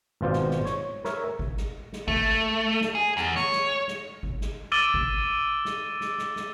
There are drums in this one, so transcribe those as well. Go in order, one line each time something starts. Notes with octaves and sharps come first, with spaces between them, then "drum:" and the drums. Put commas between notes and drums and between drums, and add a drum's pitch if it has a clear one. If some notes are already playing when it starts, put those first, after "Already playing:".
G#1 B2 F4 C5 D5
drum: snare
drum: snare
C#5, drum: snare
A#4 C#5 E5, drum: snare
drum: kick G1
drum: snare
drum: snare
A3, drum: kick G1
drum: snare
G#4
E2, drum: snare
C#5, drum: snare
drum: snare
drum: snare
drum: kick G1
drum: snare
D6 E6 A6 D7 D#7 G7
drum: kick G1
drum: snare
drum: snare
drum: snare
drum: snare